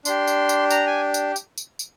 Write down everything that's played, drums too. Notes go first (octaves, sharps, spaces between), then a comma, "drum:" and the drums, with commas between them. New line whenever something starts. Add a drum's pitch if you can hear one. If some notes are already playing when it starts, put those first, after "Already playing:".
D4 G4 C6, drum: tambourine
drum: tambourine
drum: tambourine
A#5, drum: tambourine
G#5
drum: tambourine
drum: tambourine
drum: tambourine
drum: tambourine